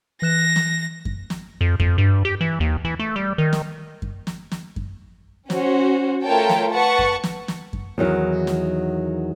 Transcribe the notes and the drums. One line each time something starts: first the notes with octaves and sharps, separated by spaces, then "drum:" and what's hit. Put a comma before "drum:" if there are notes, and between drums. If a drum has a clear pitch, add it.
E3 F#6 A#6 E7
drum: snare
drum: kick F#2
drum: snare
F2
F2, drum: kick F#2
G2
G4
E3
D#2
E3
A3
G3
D#3
drum: snare
drum: kick F#2
drum: snare
drum: snare
drum: kick F#2
C#4 F#4 C5, drum: snare
A3 F4 A#4 C#5 G5 A5
drum: snare
B4 F#5 A5 C#6
drum: kick F#2
drum: snare
drum: snare
drum: kick F#2
E2 D#3 F#3
drum: snare